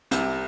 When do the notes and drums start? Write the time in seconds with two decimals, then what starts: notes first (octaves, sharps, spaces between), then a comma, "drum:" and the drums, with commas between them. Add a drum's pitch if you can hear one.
0.11 C2 C3, drum: hi-hat